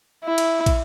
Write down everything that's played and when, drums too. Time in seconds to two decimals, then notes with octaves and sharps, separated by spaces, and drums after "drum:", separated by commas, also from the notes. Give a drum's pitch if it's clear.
0.24 E4
0.38 drum: cymbal
0.66 drum: kick, cymbal